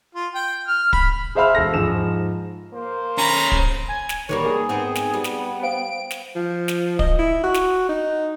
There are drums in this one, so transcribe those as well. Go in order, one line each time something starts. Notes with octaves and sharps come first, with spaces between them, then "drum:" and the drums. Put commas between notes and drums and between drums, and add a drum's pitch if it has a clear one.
F4
G5
F6
B5, drum: kick
G#4 C5 E5 F5 B5 F6
E1 A4 A#6
G#2 F3 G#4 E7
A#3 C5
C#4 A#5 B5
drum: kick
G#5
drum: snare
D#3 G3 A#3 B3 C#5
G#4
G#2 B3 C4
drum: snare
G3
drum: snare
C5 F5 G5 D7
drum: snare
F3
drum: snare
D#5, drum: kick
E4
F#4
drum: snare
D#4